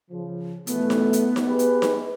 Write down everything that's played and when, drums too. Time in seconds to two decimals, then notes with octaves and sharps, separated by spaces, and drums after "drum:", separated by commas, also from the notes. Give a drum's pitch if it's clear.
0.11 C#3 F3
0.67 B2 E3 A3 B3, drum: hi-hat
0.90 drum: snare D#4
1.13 drum: hi-hat
1.36 drum: snare D#4
1.49 G4 G#4 B4
1.59 drum: hi-hat
1.82 drum: snare D#4